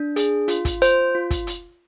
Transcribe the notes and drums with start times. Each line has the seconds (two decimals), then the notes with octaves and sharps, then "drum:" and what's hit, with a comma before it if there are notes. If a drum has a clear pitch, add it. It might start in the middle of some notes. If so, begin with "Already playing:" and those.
Already playing: D4
0.16 G#4, drum: hi-hat
0.48 F4, drum: hi-hat
0.65 drum: kick, hi-hat
0.81 F4 C5, drum: hi-hat
1.15 F4
1.31 drum: kick, hi-hat
1.47 drum: hi-hat